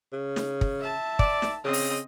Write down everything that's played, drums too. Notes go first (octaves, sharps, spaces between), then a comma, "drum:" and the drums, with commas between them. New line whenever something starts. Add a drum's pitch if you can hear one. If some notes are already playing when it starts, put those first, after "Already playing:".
C#3
drum: snare
drum: kick
E5 A5
D5, drum: kick
drum: snare
C#3 C4 D#5
drum: open hi-hat